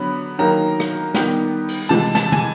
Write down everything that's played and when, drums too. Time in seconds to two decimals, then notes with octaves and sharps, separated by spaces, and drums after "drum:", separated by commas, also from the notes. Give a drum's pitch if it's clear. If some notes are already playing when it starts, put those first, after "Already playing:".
Already playing: D3 F#3 B3 B5
0.39 D#3 F#3 A#3 A#5
0.80 drum: rim click
1.14 D#3 G3 B3, drum: snare
1.68 drum: cymbal
1.89 C3 E3 G#3 A5
2.15 A5, drum: snare
2.32 G#5, drum: tom